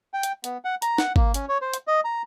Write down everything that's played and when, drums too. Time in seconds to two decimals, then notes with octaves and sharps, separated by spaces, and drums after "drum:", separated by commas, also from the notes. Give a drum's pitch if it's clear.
0.14 G5
0.23 drum: hi-hat
0.44 B3, drum: hi-hat
0.65 F#5
0.82 A#5, drum: hi-hat
0.98 F#5, drum: snare
1.16 A#3, drum: kick G#1
1.34 C#4, drum: hi-hat
1.49 C#5
1.62 C5
1.74 drum: hi-hat
1.87 D#5
2.05 A#5